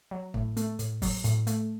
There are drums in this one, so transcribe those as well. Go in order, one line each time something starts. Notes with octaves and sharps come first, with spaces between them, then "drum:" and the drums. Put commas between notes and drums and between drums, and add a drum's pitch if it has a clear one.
F#3
A2, drum: kick
A3, drum: hi-hat
A2, drum: hi-hat
F#3, drum: kick, open hi-hat
A2, drum: hi-hat
A3, drum: hi-hat